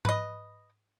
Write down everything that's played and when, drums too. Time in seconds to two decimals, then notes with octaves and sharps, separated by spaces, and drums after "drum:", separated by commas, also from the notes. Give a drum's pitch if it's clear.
0.05 B4 D#5, drum: tom G#2